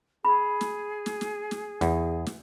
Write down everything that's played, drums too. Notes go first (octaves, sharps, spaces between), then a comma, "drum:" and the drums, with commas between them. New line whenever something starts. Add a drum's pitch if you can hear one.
G#4 B5
drum: snare
drum: snare
drum: snare
drum: snare
E2, drum: snare
drum: snare